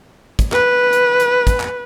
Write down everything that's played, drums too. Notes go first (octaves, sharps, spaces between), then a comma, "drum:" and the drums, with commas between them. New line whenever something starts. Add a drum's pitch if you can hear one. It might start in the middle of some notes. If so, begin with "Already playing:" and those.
drum: kick, hi-hat
B4, drum: clap
drum: hi-hat
drum: hi-hat
drum: kick, hi-hat
drum: clap